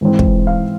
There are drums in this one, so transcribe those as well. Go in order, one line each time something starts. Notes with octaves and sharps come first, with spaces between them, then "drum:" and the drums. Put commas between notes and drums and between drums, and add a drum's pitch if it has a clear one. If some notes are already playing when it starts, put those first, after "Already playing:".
G#2 E3 G#3 C4
drum: kick
F5